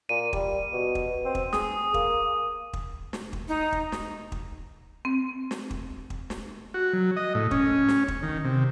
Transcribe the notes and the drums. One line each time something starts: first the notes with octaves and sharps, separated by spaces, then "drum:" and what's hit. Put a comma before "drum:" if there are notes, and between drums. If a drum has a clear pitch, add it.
A#2 D#7
G3, drum: kick
B2
drum: kick
C4
drum: kick
G#4 D#6, drum: snare
A#3, drum: kick
drum: kick
drum: snare
drum: kick
D#4
drum: kick
drum: snare
drum: kick
C4
drum: snare
drum: kick
drum: kick
drum: snare
F#4
F#3
D#5
A2
C#4, drum: kick
drum: snare
drum: kick
D#3
C3